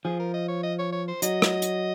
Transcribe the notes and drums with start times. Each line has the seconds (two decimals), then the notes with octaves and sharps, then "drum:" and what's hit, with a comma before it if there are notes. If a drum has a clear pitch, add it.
0.05 F3 G#4
0.19 A#4
0.34 D#5
0.48 C#5
0.63 D#5
0.79 C#5
0.92 C#5
1.08 C5
1.22 F#3 D#5, drum: hi-hat
1.42 drum: rim click
1.62 drum: hi-hat